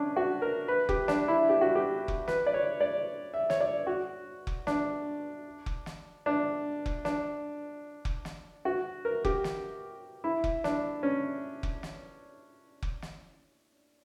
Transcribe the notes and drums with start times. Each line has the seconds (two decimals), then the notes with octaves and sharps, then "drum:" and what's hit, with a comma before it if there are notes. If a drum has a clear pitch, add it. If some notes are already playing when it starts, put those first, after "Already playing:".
Already playing: C#4 D4
0.16 F#4
0.42 A#4
0.68 B4
0.89 G4, drum: kick F1
1.08 D4, drum: snare
1.28 E4
1.49 G4
1.61 F#4
1.75 G4
2.08 drum: kick F1
2.28 B4, drum: snare
2.47 D5
2.54 C#5
2.81 D5
3.34 E5
3.50 C#5, drum: snare
3.61 D5
3.87 F#4
4.47 drum: kick F1
4.67 D4, drum: snare
5.66 drum: kick F1
5.86 drum: snare
6.26 D4
6.86 drum: kick F1
7.05 D4, drum: snare
8.05 drum: kick F1
8.25 drum: snare
8.65 F#4
9.05 A#4
9.25 G4, drum: kick F1
9.44 drum: snare
10.24 E4
10.44 drum: kick F1
10.64 D4, drum: snare
11.03 C#4
11.63 drum: kick F1
11.83 drum: snare
12.82 drum: kick F1
13.02 drum: snare